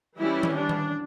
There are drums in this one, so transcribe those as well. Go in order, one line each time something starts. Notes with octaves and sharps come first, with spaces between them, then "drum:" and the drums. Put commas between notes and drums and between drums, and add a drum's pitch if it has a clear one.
E3 G3 C#4 E4
drum: tom D#3
D4
drum: tom D#3